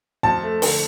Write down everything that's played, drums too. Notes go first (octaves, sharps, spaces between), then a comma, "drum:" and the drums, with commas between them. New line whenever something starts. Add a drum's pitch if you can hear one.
F2 A5
A3
D3, drum: open hi-hat